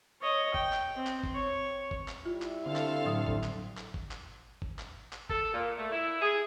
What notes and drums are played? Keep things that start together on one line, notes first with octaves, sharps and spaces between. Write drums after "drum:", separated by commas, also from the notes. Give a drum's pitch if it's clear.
C#5 D#5
G5, drum: kick G1
drum: clap
C4
drum: clap
drum: kick G1
C#5
drum: kick G1
drum: clap
G3 E4 F4
drum: clap
D3 C4 A4 F5
drum: clap
A2 F#3 D#6
drum: kick G1
drum: clap
drum: clap
drum: kick G1
drum: clap
drum: kick G1
drum: clap
drum: clap
A4, drum: kick G1
A#2
A3
E4
G#4